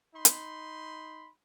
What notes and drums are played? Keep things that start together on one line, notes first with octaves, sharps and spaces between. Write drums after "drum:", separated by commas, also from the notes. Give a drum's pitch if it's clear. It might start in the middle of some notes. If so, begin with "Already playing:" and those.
D#4 B5 C6
drum: hi-hat